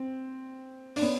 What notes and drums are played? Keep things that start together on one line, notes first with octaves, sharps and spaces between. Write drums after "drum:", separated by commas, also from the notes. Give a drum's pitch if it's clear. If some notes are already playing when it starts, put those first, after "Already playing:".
Already playing: C4
D4, drum: open hi-hat
B3 C#4